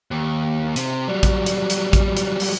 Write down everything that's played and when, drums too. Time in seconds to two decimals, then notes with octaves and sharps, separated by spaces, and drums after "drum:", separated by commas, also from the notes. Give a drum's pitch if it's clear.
0.11 D#2
0.76 C3, drum: hi-hat
1.08 F#3 G3
1.23 drum: kick, hi-hat
1.46 drum: hi-hat
1.70 drum: hi-hat
1.93 drum: kick, hi-hat
2.17 drum: hi-hat
2.40 drum: open hi-hat